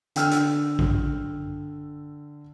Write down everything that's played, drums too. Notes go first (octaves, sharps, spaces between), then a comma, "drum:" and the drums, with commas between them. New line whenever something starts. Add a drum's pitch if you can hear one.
D3 G5 E6 F6, drum: hi-hat
drum: hi-hat
drum: kick A1